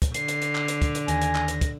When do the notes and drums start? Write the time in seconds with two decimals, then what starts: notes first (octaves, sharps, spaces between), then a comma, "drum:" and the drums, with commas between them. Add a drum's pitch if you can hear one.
0.02 drum: kick, hi-hat
0.14 D3 C7, drum: hi-hat
0.28 drum: hi-hat
0.42 drum: hi-hat
0.55 drum: clap
0.68 drum: hi-hat
0.82 drum: kick, hi-hat
0.95 drum: hi-hat
1.08 D#2 G#5 A#6, drum: hi-hat
1.22 drum: hi-hat
1.35 drum: clap
1.48 drum: hi-hat
1.61 drum: kick, hi-hat